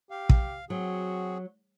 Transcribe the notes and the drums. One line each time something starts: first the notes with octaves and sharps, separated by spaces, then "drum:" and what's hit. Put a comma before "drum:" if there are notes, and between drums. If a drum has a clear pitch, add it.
G4 F5
drum: kick
F#3 C4 F#4 G#4